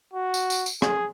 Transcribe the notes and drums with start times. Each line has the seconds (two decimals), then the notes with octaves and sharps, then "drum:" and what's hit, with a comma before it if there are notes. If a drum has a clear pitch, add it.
0.13 F#4
0.34 drum: tambourine
0.50 drum: tambourine
0.66 drum: tambourine
0.82 G#4, drum: rim click